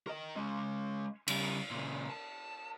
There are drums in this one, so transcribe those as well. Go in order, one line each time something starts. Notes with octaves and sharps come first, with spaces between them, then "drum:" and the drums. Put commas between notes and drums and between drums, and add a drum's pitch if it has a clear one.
A#4 D#5
G#3 C#4
C#3 G3, drum: cymbal
A#2 C#3
A5